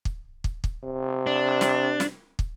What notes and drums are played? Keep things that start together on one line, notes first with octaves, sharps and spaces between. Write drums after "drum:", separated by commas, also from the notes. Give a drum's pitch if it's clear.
drum: kick
drum: kick
drum: kick
C3
D4
drum: snare
drum: snare
drum: kick